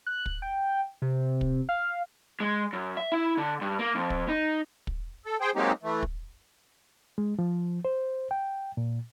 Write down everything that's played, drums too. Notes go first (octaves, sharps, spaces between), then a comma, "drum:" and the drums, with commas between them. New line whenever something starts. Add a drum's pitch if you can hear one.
F#6
drum: kick
G5
C3
drum: kick
F5
G#3
F#2
E5
E4
D3
G2
A#3
F2
drum: kick
D#4
drum: kick
A4
G#4 C5 G5
F#3 G#3 A#3 C4 D#4 G4
E3 A3
drum: kick
G#3
F3
C5
G5
A#2